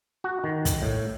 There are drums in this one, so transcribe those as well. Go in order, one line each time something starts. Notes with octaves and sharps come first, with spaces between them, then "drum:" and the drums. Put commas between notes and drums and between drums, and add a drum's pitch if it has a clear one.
F#4
D#3
drum: kick, hi-hat
A2